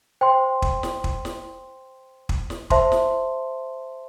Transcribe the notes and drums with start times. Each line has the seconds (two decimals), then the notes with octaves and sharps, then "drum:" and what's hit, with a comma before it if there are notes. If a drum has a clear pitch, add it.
0.21 C5 G5 C6
0.62 drum: kick
0.83 drum: snare
1.04 drum: kick
1.25 drum: snare
2.29 drum: kick
2.50 drum: snare
2.70 C5 E5 A5 C6, drum: kick
2.92 drum: snare